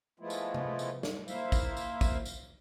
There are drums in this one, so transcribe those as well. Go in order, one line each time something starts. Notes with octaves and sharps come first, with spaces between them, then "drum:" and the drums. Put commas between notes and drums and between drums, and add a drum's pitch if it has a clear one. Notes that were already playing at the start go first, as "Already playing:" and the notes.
F3 G#3 A3 B3 E4 F4
drum: tambourine
drum: tom C3
drum: tambourine
drum: snare
A#3 E4 C5 E5 F5, drum: tambourine
drum: kick, tambourine
drum: tambourine
drum: kick, tambourine
drum: tambourine